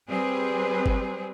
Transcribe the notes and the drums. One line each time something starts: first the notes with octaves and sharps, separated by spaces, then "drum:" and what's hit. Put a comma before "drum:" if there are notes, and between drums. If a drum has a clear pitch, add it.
G3 C4 G#4 B4 C5
drum: kick G1